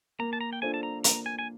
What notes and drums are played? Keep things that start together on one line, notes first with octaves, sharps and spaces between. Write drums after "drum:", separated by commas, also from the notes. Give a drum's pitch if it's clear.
A#3 A#5
A5
A#5
G5
D4 F4 A4 C5 G#5
A5
A#5
A#3 A#5, drum: hi-hat
G#5
G#5